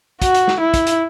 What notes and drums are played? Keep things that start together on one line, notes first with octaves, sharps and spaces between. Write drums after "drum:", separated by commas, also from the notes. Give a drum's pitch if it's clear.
F#4, drum: kick, hi-hat
drum: hi-hat
drum: snare
E4
drum: kick, hi-hat
drum: hi-hat